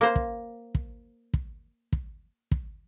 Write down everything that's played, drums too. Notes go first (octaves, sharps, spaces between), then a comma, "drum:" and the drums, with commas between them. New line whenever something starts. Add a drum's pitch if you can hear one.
A#3 C5
drum: kick
drum: kick
drum: kick
drum: kick
drum: kick